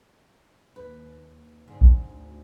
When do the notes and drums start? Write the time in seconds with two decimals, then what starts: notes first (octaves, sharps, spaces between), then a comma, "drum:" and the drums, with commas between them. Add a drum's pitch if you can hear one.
0.76 D#2 B4
1.68 G#2 D3 C4
1.81 drum: kick A#1
2.07 D2